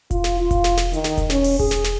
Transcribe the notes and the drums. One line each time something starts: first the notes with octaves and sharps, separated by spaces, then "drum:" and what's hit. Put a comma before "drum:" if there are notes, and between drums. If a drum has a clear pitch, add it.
F4, drum: kick E1, hi-hat
drum: snare
F4
drum: kick E1, hi-hat
drum: snare
drum: snare
D#3, drum: hi-hat
drum: snare
drum: kick E1, hi-hat
C#4, drum: snare
drum: open hi-hat
G#4, drum: kick E1, hi-hat
drum: snare
drum: snare